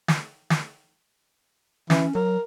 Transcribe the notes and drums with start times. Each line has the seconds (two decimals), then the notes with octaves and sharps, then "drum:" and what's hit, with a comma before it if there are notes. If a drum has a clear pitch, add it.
0.08 drum: snare
0.50 drum: snare
1.90 E3 C#4, drum: snare
2.15 F#3 A#4